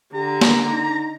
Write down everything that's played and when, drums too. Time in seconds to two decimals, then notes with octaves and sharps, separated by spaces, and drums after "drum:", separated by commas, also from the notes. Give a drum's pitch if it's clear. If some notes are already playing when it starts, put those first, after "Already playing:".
0.15 D3 G4 A#5
0.41 drum: snare A#3
0.68 D#4